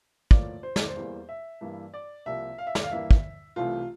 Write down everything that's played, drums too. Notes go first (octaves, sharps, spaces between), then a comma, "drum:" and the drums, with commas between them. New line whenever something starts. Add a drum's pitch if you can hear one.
A2 F3 A#3 D5, drum: kick
C5
D5, drum: snare
C5
E2 E3 G3 A#3
E5
G2 E3 G3 A#3
D5
C2 C3 F3 A#3 E5
F5
E5
D5, drum: snare
F5
G2 E3 A#3 E5
drum: kick
C2 C3 E3 A3 F4